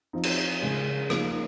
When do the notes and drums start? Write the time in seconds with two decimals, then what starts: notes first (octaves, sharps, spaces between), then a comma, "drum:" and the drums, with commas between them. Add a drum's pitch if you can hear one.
0.13 F3 C4 D#4
0.23 drum: cymbal
0.62 C#3 G#3 C#4
1.10 F3 A#3 D#4, drum: rim click